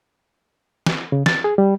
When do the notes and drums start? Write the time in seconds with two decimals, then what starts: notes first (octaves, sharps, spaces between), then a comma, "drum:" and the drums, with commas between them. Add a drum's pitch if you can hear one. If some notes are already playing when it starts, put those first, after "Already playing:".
0.87 drum: snare
1.12 C#3
1.26 A6, drum: snare
1.44 G#4
1.58 G3